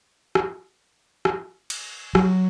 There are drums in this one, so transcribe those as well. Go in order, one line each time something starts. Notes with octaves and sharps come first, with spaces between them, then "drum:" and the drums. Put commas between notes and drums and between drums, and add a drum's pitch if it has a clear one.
drum: rim click
drum: rim click
drum: cymbal
F#3, drum: rim click